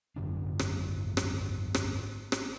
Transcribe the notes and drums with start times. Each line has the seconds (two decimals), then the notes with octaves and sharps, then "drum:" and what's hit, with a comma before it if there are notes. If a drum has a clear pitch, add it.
0.16 G#1 F#2 D3 D4
0.59 drum: rim click
1.17 drum: rim click
1.74 drum: rim click
2.32 drum: rim click